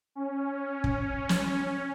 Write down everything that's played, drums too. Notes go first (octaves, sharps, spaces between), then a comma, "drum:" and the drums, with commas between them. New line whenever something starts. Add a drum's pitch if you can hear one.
C#4
drum: kick
drum: snare